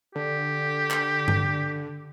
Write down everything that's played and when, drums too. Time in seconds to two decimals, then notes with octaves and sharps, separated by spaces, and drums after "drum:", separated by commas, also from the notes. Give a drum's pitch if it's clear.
0.15 D3 G4
0.90 drum: clap
1.28 drum: tom G2